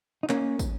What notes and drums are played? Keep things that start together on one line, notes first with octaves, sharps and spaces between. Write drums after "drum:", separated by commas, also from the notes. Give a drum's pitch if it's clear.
D#4
A#3 C#4, drum: clap
drum: kick, tambourine